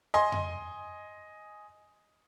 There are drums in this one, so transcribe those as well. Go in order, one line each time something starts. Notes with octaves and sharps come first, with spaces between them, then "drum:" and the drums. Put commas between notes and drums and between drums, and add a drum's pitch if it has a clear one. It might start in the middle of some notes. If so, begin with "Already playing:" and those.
D#5 G#5 C6
drum: tom F2